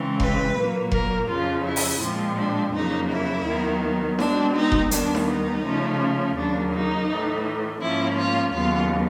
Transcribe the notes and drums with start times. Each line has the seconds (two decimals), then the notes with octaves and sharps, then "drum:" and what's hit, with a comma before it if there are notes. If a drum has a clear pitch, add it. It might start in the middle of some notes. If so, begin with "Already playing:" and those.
Already playing: C#3 E3 G#3 C4
0.20 B4, drum: kick F1
0.56 A#2 F#3 A#3
0.92 A#4, drum: kick F1
1.28 F2 C#3 F3 F4
1.65 E4
1.76 drum: open hi-hat
2.02 A#2 F3 G#3 C4
2.37 D4
2.73 F2 C#3 F#3 A#3 D#4
3.10 E4
3.45 D#2 D#3 F#3 B3
4.19 B2 G#3 C4 D4, drum: snare D#4
4.55 D#4
4.72 drum: kick F1
4.91 D#2 D#3 G3 B3 D4, drum: hi-hat
5.15 drum: snare D#4
5.28 D#4
5.64 C#3 F3 A3 C#4
6.36 D#2 C#3 F#3 A#3 D4
6.72 D#4
7.08 A2 E3 A3
7.81 G#2 F3 A#3 C#4 E4
8.17 F4
8.53 D#2 C#3 F#3 B3 F4